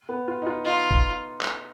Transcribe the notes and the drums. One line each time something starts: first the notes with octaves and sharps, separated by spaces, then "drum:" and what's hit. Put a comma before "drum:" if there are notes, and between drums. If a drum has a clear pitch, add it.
B3
F4
D#4
F4
D#4 F4
drum: kick
drum: clap